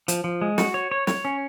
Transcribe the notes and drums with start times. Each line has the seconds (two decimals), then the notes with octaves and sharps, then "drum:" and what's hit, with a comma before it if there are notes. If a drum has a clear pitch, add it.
0.08 F3, drum: hi-hat
0.24 F3
0.42 G#3
0.58 F#4, drum: snare
0.74 C#5
0.91 C#5
1.07 C#5, drum: snare
1.25 C#4